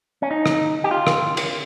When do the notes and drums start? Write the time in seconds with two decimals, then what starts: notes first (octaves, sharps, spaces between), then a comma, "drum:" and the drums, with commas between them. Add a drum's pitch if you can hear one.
0.22 C#4
0.31 D#4
0.46 drum: rim click
0.84 G4
0.91 F4
1.07 drum: rim click
1.37 drum: cymbal